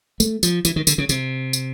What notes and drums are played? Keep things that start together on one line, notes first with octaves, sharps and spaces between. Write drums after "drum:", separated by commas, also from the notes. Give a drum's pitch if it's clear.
A3, drum: tambourine
F3, drum: tambourine
E3, drum: tambourine
D#3
D3, drum: tambourine
C#3
C3, drum: tambourine
drum: tambourine